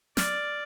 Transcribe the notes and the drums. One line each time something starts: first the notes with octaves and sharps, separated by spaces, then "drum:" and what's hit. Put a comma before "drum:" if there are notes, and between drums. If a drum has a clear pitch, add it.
D5 F6, drum: snare